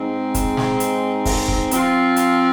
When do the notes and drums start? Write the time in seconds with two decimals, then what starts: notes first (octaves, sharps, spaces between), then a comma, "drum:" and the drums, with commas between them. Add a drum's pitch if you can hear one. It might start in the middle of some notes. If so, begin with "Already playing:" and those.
Already playing: G#2 G#3 C4 D#4
0.34 drum: kick, hi-hat
0.57 drum: snare
0.80 drum: hi-hat
1.25 drum: kick, open hi-hat
1.48 drum: kick
1.71 F3 C4 F4, drum: hi-hat
2.16 drum: hi-hat